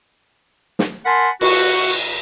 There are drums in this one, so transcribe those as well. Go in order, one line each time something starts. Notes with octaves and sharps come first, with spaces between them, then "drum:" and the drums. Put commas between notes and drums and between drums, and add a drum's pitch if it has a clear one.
drum: snare
A#4 F#5 G#5 A5 B5 C6
F#4, drum: cymbal